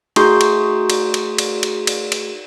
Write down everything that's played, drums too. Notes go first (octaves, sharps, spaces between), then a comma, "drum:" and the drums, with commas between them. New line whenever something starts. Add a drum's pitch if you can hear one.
A3 D#4 F#4 G#4 C6 G6, drum: cymbal
drum: cymbal
drum: cymbal
drum: cymbal
drum: cymbal
drum: cymbal
drum: cymbal
drum: cymbal